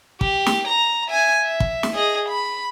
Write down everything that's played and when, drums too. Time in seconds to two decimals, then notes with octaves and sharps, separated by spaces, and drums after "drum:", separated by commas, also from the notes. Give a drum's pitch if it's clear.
0.21 G4, drum: kick
0.46 drum: snare
0.68 A#5
1.08 E5 G#5
1.42 E5
1.60 drum: kick
1.83 drum: snare
1.94 G#4 D#5
2.29 B5